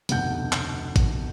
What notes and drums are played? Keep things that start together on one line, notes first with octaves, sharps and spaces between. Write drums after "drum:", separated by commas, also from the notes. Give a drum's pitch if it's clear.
F1 D2 B2 F#5 G6, drum: hi-hat
drum: clap
drum: kick, hi-hat